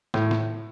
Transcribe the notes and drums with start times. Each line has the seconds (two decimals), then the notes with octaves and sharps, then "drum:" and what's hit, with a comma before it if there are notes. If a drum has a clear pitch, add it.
0.14 A2, drum: snare
0.31 drum: snare